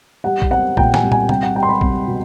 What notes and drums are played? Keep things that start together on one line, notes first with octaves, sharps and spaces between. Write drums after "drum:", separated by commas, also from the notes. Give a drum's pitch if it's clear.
G3 F#5
drum: kick
C4 F#5
A#2 G5, drum: kick
G#5, drum: snare
C2
G#5, drum: tom
C2 G5, drum: tom
F#5
G3 G5
C6
B5
C2, drum: kick
B2